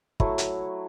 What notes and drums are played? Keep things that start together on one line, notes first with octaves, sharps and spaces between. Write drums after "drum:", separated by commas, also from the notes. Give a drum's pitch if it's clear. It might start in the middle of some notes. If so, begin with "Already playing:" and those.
F#3 A3 E4, drum: kick
drum: hi-hat